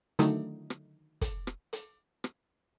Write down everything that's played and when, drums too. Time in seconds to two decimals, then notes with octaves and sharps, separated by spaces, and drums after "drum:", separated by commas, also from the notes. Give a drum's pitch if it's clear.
0.19 D3 D#3 F#3 A3 D#4 E4, drum: hi-hat
0.70 drum: rim click
1.21 drum: kick, hi-hat
1.47 drum: rim click
1.73 drum: hi-hat
2.24 drum: rim click